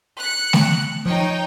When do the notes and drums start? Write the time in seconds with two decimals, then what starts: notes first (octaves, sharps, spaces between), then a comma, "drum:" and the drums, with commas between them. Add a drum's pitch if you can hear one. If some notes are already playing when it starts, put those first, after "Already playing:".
0.20 F#6 C#7
0.53 drum: snare A3
1.06 F3 D#4 C#5 G5